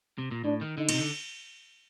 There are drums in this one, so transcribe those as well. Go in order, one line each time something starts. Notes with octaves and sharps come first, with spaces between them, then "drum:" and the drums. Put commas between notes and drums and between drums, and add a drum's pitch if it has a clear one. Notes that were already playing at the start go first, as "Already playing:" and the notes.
C3
A#2
A2 D4
D#3
D3 D#4
A#2, drum: cymbal
C3
D3